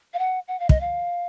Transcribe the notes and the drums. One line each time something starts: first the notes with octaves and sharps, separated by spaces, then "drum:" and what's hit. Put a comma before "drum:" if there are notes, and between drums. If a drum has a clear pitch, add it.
F5
F#5
F#5
F5
D#5, drum: kick
F5